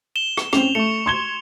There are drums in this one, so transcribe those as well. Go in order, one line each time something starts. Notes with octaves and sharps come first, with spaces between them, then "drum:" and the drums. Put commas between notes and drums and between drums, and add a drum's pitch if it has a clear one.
E7 G7
drum: rim click
C4 C#4 F7, drum: rim click
A3 C#6 C#7
C6 G#6 G7